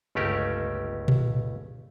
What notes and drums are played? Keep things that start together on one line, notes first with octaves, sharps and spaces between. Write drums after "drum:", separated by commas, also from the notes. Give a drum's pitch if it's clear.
G1 C#2 A3 C#4 G4 A#4
drum: tom A#2